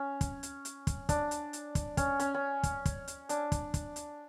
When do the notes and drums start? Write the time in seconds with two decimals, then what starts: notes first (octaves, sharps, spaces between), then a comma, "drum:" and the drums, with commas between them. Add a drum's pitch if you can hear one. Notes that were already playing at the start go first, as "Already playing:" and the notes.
Already playing: C#4
0.21 drum: kick, hi-hat
0.43 drum: hi-hat
0.65 drum: hi-hat
0.87 drum: kick, hi-hat
1.09 D4, drum: kick, hi-hat
1.31 drum: hi-hat
1.53 drum: hi-hat
1.75 drum: kick, hi-hat
1.97 C#4, drum: kick, hi-hat
2.20 C#4, drum: hi-hat
2.34 C#4
2.63 drum: kick, hi-hat
2.85 drum: kick, hi-hat
3.08 drum: hi-hat
3.29 D4, drum: hi-hat
3.52 drum: kick, hi-hat
3.74 drum: kick, hi-hat
3.96 drum: hi-hat